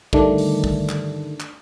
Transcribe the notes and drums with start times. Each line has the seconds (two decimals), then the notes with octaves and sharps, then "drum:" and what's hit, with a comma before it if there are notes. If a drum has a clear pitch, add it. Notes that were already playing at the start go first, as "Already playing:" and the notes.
0.13 D3 D#3 G3 A3 D4, drum: kick
0.38 drum: open hi-hat
0.64 drum: kick
0.89 drum: clap
1.40 drum: clap